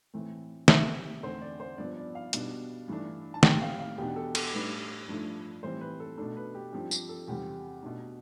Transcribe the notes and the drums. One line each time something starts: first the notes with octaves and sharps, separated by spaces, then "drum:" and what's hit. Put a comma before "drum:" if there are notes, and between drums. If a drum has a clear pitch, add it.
A2 E3 A3 C4
C3 G3 C4 E5, drum: snare
E2 D3 A3 C4 C5
D5
C5
G2 F3 B3 D5
D5
F5
B2 G3 B3 D4, drum: hi-hat
G2 E3 A3 D4
A5
A2 G3 C4 G5, drum: snare
F5
F5
E2 B2 B3 D4 G4
A4
A4, drum: cymbal
A2 G3 D4 B4
G2 F3 A3 D4
A2 E3 G3 C4 C5
B4
A4
B2 A3 D4 A4
B4
G4
G2 F3 C4 G4
G4, drum: tambourine
A4
E2 C3 G3 C4 G4
B2 A3 D4